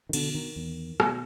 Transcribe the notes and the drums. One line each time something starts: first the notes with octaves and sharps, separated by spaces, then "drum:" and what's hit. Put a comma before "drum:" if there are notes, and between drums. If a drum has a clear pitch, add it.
D#3
B2 D3, drum: cymbal
D#3
E2
B2, drum: rim click